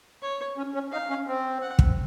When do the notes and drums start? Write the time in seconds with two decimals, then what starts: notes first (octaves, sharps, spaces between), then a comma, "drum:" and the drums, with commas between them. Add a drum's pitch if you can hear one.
0.22 C#5
0.57 C#4
0.74 C#4
0.92 D#4 F5
1.09 C#4
1.27 C4
1.62 F#5
1.79 drum: kick